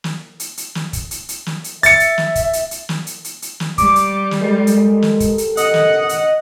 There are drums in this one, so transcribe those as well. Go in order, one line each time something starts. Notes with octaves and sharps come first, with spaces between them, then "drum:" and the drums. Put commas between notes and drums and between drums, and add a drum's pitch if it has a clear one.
drum: snare
drum: hi-hat
drum: hi-hat
drum: snare
drum: kick, hi-hat
drum: hi-hat
drum: hi-hat
drum: snare
drum: hi-hat
E5 A6 C#7, drum: hi-hat
drum: hi-hat
drum: snare
drum: kick, hi-hat
drum: hi-hat
drum: hi-hat
drum: snare
drum: hi-hat
drum: hi-hat
drum: hi-hat
drum: snare
G3 D6, drum: kick, hi-hat
drum: hi-hat
drum: snare
G#3 G4 A4 A#4
drum: hi-hat
drum: snare
drum: kick, hi-hat
drum: hi-hat
D#5 F#5, drum: hi-hat
drum: snare
drum: hi-hat